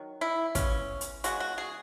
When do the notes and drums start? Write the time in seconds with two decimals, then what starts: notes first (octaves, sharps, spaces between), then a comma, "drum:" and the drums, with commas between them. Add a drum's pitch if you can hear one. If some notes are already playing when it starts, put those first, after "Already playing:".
Already playing: D#3 F#3
0.21 E4
0.55 C#3 E3 B3 C#4, drum: kick, hi-hat
1.01 drum: hi-hat
1.24 C#3 G#3 B3 F#4, drum: hi-hat
1.40 F#4
1.58 G#4